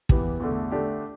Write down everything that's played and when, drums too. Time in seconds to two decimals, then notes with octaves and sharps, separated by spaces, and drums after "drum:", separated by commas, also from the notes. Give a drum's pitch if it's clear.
0.09 E2 E3 B3 G4, drum: kick
0.40 E2 D3 A3
0.72 D3 A3 D4 G4